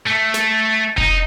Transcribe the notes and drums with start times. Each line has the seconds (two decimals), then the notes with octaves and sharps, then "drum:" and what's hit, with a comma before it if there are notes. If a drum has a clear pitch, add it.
0.07 A3
0.34 drum: snare
0.98 D#4, drum: kick F1